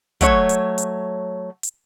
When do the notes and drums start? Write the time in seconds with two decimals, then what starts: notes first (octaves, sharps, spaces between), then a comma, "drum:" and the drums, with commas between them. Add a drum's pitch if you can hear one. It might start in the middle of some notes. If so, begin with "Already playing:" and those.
0.21 F#3 A3 C#5, drum: kick, hi-hat
0.49 drum: hi-hat
0.78 drum: hi-hat
1.63 drum: hi-hat